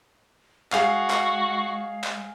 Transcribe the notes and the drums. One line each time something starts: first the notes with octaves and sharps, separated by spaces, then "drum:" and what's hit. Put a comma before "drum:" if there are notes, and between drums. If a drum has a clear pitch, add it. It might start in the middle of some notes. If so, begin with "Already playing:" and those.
G#3 F#4 G#4 F5, drum: clap
drum: clap
drum: clap